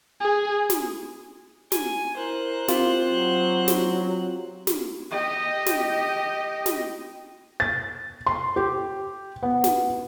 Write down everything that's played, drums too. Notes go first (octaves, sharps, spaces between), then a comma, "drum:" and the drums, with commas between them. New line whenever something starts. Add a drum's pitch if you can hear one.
G#4
drum: snare
G#5, drum: snare
E4 A#4 C5 F#6
C4 F4 G4, drum: snare
F#3
drum: snare
drum: snare
G4 D#5
drum: snare
drum: snare
A6
C6
G4
B3
drum: snare